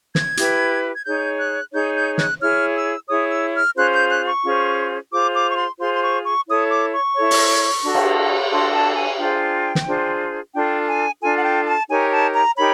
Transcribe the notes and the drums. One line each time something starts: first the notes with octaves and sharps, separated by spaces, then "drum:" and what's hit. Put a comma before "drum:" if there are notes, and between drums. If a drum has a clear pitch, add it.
G#6, drum: snare
E4 G4 B4, drum: hi-hat
G#6
D#4 G#4 C#5 G6
F#6
D#4 G#4 C#5 G6
G6
F#6, drum: snare
E4 G#4 C#5 F6
E6
E4 G#4 C#5 D#6
E6
F6
C#4 F4 G#4 C5 F#6
G6
F#6
C#6
C#4 F4 G#4 C5
F4 G#4 C5 D6
D6
C#6
C6
F4 G#4 C5 C6
C6
C#6
C#6
E4 A4 C#5 D#6
D6
C#6
E4 A4 C#5
drum: open hi-hat
D4 F#4 A4
drum: cymbal
D4 F#4 A4 C6
A5
G#5
D4 F4 G#4 C5 G5
drum: snare
D4 F4 G#4 C5
D4 F4 A4 G5
G#5
D4 F4 A4 G#5
F#5
G5
A5
D#4 G4 A#4 C#5 G#5
A5
A#5
D#4 G4 A#4 C#5 B5